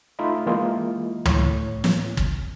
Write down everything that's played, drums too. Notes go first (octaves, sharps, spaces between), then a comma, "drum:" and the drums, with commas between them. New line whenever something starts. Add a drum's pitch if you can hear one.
A3 D#4 F4 E5 B5
E3 G#3 A#3 E4 F4 D#5
A2 C#5, drum: tom
drum: snare
drum: kick